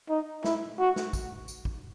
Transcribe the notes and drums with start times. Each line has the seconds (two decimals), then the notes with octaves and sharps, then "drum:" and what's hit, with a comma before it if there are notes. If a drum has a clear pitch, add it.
0.09 D#4
0.44 E4, drum: snare
0.79 F#4
0.96 drum: snare
1.13 drum: kick, tambourine
1.48 drum: tambourine
1.65 drum: kick